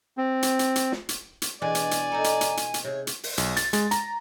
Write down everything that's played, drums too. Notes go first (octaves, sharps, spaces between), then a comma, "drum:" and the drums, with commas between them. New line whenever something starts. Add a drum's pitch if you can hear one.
C4
drum: hi-hat
drum: hi-hat
drum: hi-hat
drum: snare
drum: hi-hat
drum: hi-hat
E2 B2 D4 D5 D#5 G#5
drum: hi-hat
drum: hi-hat
D#4 A4 A#5
drum: hi-hat
drum: hi-hat
drum: hi-hat
drum: hi-hat
C3 G#4 C#5
drum: hi-hat
drum: open hi-hat
B1, drum: hi-hat
A6, drum: hi-hat
G#3, drum: hi-hat
A#5, drum: hi-hat